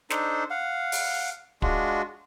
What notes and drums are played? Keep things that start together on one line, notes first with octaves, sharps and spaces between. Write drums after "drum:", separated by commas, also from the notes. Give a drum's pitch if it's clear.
D4 D#4 A4 C5, drum: snare
F5 F#5
drum: open hi-hat
G#3 D4 F4 F#4, drum: kick